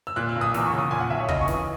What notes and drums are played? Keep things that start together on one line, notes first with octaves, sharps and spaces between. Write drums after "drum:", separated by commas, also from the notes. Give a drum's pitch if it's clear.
E6
A#2 F#6
E6
B1
D#6
E2 E6, drum: snare
C#6
C#3
D#6
A#2 G#5
F#5
B1 E5
C#5
C#3 D#5, drum: kick
C#6
E3, drum: snare
D#6